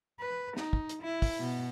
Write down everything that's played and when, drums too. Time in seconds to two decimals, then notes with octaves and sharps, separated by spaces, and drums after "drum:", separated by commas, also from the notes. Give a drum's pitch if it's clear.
0.20 B4
0.57 D#4, drum: snare
0.73 drum: kick
0.89 drum: hi-hat
1.02 E4
1.22 drum: kick, open hi-hat
1.40 B2